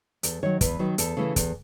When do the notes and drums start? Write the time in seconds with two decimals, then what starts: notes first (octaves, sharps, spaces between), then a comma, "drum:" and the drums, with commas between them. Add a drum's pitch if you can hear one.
0.23 E2 A4, drum: hi-hat
0.43 D#3 F#3 C#5
0.61 E2 B4, drum: kick, hi-hat
0.79 D#3 F#3
0.98 E2 A4, drum: hi-hat
1.17 C#3 E3 A3
1.36 E2, drum: kick, hi-hat